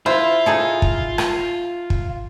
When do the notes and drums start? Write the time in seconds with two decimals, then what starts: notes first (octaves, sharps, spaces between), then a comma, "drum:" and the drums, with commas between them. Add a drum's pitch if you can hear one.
0.06 E4 F4 C5
0.46 D#4 G#4 A4
0.82 drum: kick
1.18 drum: rim click
1.90 drum: kick